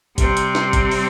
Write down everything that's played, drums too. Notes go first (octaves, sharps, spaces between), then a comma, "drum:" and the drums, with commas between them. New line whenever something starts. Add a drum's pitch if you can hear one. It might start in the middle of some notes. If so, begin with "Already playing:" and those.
C3 G3 C4, drum: kick G1, hi-hat
drum: hi-hat
drum: snare
drum: kick G1, hi-hat
drum: open hi-hat